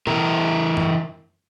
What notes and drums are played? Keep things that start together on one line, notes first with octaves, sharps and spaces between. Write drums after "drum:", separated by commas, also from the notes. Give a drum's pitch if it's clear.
E3 E4 A#4, drum: tom B2
drum: tom F#2